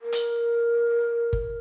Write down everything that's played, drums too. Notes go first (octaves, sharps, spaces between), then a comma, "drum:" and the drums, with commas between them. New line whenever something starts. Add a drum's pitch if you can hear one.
A#4
drum: hi-hat
drum: kick G1